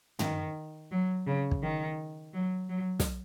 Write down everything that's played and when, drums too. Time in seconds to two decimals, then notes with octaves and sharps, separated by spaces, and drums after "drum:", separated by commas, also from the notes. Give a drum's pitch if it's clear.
0.19 D#3, drum: tom
0.91 F#3
1.27 C#3
1.51 drum: kick
1.62 D#3
2.34 F#3
2.69 F#3
3.00 drum: snare